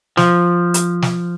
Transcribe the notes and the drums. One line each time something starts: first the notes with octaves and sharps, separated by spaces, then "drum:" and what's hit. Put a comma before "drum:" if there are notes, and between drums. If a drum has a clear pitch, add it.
F3, drum: snare
drum: hi-hat
drum: snare